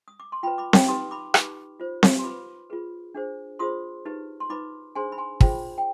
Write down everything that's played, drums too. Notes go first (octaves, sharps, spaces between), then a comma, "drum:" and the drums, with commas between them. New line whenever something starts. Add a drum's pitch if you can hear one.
D#6
D6
C6
F4 B4 G5 B5
B5 D6
G5 B5, drum: snare C4
D#4 G4 B4 C6 D#6
B5 D6
D#4 G4 B4 B5 D6, drum: rim click
F4 C5
drum: snare C4
C6
F4 B4 B5 D6
F4 G#4 B4
D4 G#4 C5
F4 G#4 C5 C6 D#6
D#4 G4 B4
C6
D#4 B4 B5 D6
D4 G#4 C5 G#5 C6
B5
G#5 C6
F4 G#4 C5 G5 B5, drum: kick
G5